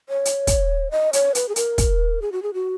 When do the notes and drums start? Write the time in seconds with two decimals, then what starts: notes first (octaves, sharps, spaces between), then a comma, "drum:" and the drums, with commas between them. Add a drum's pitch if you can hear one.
0.09 C#5
0.25 drum: hi-hat
0.47 drum: kick, hi-hat
0.91 D#5
1.13 C#5, drum: hi-hat
1.35 B4, drum: hi-hat
1.49 G#4
1.56 A#4, drum: hi-hat
1.78 drum: kick, hi-hat
2.22 G#4
2.32 F#4
2.43 G#4
2.54 F#4